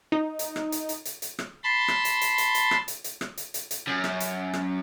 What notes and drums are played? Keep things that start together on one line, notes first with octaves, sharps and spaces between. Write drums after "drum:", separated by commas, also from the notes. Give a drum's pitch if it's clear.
D#4
drum: hi-hat
drum: rim click
drum: hi-hat
drum: hi-hat
drum: hi-hat
drum: hi-hat
drum: rim click
A5 B5 C6
drum: rim click
drum: hi-hat
drum: hi-hat
drum: hi-hat
drum: hi-hat
drum: rim click
drum: hi-hat
drum: hi-hat
drum: rim click
drum: hi-hat
drum: hi-hat
drum: hi-hat
F#2
drum: rim click
drum: hi-hat
drum: rim click